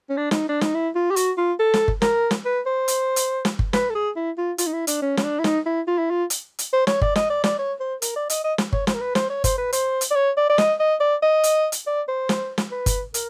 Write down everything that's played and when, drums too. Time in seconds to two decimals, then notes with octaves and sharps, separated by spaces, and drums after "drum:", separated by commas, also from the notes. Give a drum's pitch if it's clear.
0.10 C#4
0.17 D4
0.31 D#4, drum: snare
0.49 D4
0.61 D#4, drum: snare
0.74 E4
0.95 F4
1.11 G4
1.16 F#4, drum: hi-hat
1.38 F4
1.59 A4
1.74 drum: snare
1.88 drum: kick G1
2.02 A#4, drum: snare
2.31 drum: snare
2.45 B4
2.66 C5
2.88 drum: hi-hat
3.16 drum: hi-hat
3.45 drum: snare
3.59 drum: kick G1
3.73 B4, drum: snare
3.90 A4
3.95 G#4
4.16 E4
4.38 F4
4.58 F4, drum: hi-hat
4.67 D#4
4.73 E4
4.87 D4, drum: hi-hat
5.02 C#4
5.17 C#4, drum: snare
5.23 D4
5.39 E4
5.44 D#4, drum: snare
5.66 E4
5.88 F4
5.98 E4
6.10 F4
6.30 drum: hi-hat
6.59 drum: hi-hat
6.73 C5
6.87 C#5, drum: snare
7.01 D5, drum: kick G1
7.16 D#5, drum: snare
7.30 D5
7.44 D5, drum: snare
7.58 C#5
7.80 C5
8.02 A#4, drum: hi-hat
8.16 D5
8.30 D#5, drum: hi-hat
8.44 D#5
8.58 drum: snare
8.73 C#5, drum: kick G1
8.87 C5, drum: snare
8.94 A#4
9.01 B4
9.15 C5, drum: snare
9.30 C#5
9.44 C5, drum: kick G1, hi-hat
9.58 B4
9.73 C5, drum: hi-hat
10.01 drum: hi-hat
10.11 D5
10.15 C#5
10.37 D5
10.49 D5
10.58 D#5, drum: snare
10.80 D#5
11.00 D5
11.22 D#5
11.44 drum: hi-hat
11.72 drum: hi-hat
11.87 D5
12.08 C5
12.29 drum: snare
12.58 drum: snare
12.71 B4
12.86 drum: kick G1, hi-hat
13.14 A#4, drum: hi-hat